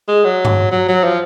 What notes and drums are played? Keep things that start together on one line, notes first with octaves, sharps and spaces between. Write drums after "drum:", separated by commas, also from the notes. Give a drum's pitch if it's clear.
G#3
F#3
drum: tom G2
F#3
F#3
F3